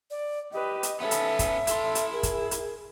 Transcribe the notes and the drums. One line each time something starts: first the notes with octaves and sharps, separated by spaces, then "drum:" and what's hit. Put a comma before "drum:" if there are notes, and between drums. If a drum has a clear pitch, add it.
D5
G4 B4 D#5
drum: hi-hat
B3 C#4 A4 E5
drum: hi-hat
drum: kick, hi-hat
E4 A4 C6, drum: hi-hat
drum: hi-hat
G#4 A#4
drum: kick, hi-hat
drum: hi-hat